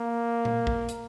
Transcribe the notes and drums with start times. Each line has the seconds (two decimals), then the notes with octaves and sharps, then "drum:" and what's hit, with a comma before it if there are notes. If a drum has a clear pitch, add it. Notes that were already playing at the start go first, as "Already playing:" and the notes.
Already playing: A#3
0.45 drum: tom A#2
0.67 drum: kick
0.89 drum: hi-hat